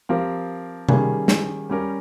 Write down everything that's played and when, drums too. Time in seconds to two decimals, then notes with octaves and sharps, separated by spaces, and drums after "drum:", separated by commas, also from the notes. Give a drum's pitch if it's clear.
0.09 F3 C4 G4 A#4
0.89 D#3 G3 A#3 C#4 G#4, drum: tom C3
1.28 drum: snare
1.69 G3 C#4 G4 A#4